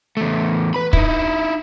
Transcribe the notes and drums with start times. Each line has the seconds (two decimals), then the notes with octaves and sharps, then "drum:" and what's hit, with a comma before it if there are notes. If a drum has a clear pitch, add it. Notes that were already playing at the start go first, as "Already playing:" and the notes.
0.17 E2 A3
0.74 B4 B5
0.93 D#4 E4, drum: kick